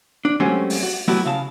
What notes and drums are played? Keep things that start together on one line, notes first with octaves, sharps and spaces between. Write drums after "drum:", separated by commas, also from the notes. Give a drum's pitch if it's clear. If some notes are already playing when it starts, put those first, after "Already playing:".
D4
F#3 G#3 A3 C4 C#4 G4
drum: open hi-hat
F#4
F#3 A3 B3 E4 F#4 G4
C#3 F5 A5